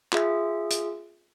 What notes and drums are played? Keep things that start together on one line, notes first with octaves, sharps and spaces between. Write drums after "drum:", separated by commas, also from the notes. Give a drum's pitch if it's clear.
F4 G#4 E5, drum: clap
drum: hi-hat